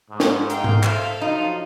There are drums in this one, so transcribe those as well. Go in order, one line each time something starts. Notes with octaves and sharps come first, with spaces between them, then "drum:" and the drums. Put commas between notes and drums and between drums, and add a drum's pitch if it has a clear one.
G#2
drum: snare
D#4 A#4 F5 G5, drum: hi-hat
drum: tom G#2
A4 C5 E5 F5 F6, drum: clap
F3 F#3 D#4 F4